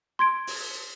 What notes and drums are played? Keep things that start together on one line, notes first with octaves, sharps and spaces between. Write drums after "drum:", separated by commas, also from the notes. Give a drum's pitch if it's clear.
C6 G#6 D7
drum: open hi-hat